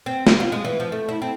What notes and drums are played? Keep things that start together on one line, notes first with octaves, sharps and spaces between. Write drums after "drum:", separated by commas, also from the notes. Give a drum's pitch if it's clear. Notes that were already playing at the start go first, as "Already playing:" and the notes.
C4
G4, drum: snare
F4
G#3
E3
F3
A3
E4
C4